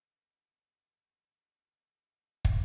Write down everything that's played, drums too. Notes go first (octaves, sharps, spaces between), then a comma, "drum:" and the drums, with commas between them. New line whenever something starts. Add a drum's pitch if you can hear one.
A3 F4 F#4
drum: kick